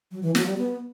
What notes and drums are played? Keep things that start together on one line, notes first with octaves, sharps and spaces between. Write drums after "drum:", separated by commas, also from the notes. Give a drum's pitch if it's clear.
F#3
E3
F#3, drum: snare
G3
B3